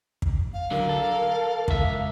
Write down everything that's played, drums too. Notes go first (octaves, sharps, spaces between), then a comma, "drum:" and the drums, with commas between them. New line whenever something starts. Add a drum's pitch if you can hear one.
drum: kick
F5
D3 F#3 A#4
A4
C#2 E5, drum: kick